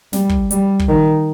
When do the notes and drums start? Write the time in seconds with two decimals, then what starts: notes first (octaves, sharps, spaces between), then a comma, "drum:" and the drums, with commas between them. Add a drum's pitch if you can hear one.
0.13 G3, drum: snare
0.29 drum: kick
0.51 G3, drum: hi-hat
0.79 drum: kick
0.89 D#3